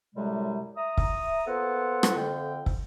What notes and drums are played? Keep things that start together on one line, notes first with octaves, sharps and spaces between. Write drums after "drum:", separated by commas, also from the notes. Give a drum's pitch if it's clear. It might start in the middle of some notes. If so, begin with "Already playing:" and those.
F#2 A2 C3 G3 G#3
E5 A#5 D#6
drum: kick
A#3 B3 F4 A4 C5 F#5
drum: rim click
F2 D3 G5
drum: kick